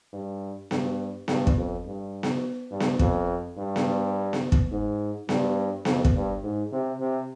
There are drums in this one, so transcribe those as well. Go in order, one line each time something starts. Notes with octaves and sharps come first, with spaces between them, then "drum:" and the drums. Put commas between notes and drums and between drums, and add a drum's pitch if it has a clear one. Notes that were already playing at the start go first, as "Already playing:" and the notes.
G2
G2, drum: snare B3
G2, drum: snare B3
drum: kick
F2
G2
drum: snare B3
G2
drum: snare B3
F2, drum: kick
G2
drum: snare B3
drum: snare B3
drum: kick
G#2
G2, drum: snare B3
F2, drum: snare B3
drum: kick
G2
G#2
C3
C3